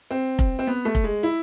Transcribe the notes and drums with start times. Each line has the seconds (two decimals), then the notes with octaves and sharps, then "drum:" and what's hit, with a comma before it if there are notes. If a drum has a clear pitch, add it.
0.11 C4
0.39 drum: kick F1
0.59 C4
0.67 B3
0.85 A3
0.95 drum: kick F1
1.04 G#3
1.23 E4